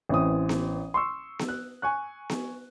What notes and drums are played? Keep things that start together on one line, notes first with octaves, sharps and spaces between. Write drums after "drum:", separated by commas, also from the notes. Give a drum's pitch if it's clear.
A1 E3 C4 D#6
drum: snare B3
C6 C#6 E6
drum: snare B3
F#6
G#5 C#6 F#6
drum: snare B3